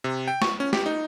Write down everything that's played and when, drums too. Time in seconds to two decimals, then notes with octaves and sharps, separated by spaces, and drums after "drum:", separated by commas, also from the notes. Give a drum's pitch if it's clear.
0.04 C3
0.28 G5
0.42 C#6, drum: snare
0.60 C#4
0.73 G4, drum: snare
0.86 D#4